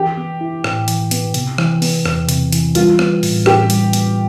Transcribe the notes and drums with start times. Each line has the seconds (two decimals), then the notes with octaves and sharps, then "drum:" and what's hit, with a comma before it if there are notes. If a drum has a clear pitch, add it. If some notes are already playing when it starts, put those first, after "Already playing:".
Already playing: E3 G4
0.17 B3
0.41 E4
0.64 A2, drum: rim click
0.88 E3, drum: hi-hat
1.11 B3, drum: hi-hat
1.34 C3, drum: hi-hat
1.58 E3, drum: rim click
1.82 B3, drum: open hi-hat
2.06 E2, drum: rim click
2.29 C3, drum: hi-hat
2.52 E3, drum: hi-hat
2.75 G3 F4, drum: hi-hat
2.99 B3, drum: rim click
3.23 A2, drum: open hi-hat
3.46 A2 G4, drum: rim click
3.70 G3, drum: hi-hat
3.93 B3, drum: hi-hat